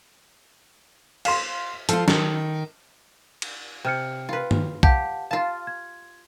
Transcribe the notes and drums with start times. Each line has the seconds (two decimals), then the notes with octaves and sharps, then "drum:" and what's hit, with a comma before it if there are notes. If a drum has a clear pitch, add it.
1.25 F5 C6, drum: cymbal
1.89 F3 F4 A4, drum: hi-hat
2.08 D#3, drum: snare
3.42 drum: cymbal
3.85 C3 G5 F6 C#7
4.29 F4 B4
4.51 drum: tom
4.83 G4 F5 F#5 A5, drum: kick B1
5.31 F4 F5 A5
5.67 G#6